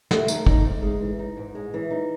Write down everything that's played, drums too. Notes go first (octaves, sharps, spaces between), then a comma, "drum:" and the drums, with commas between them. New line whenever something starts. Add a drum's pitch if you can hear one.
A3, drum: snare
D#3, drum: tambourine
D#4, drum: kick
G#2
G#3
E3
D#4
G#2
G#3
E3
D#4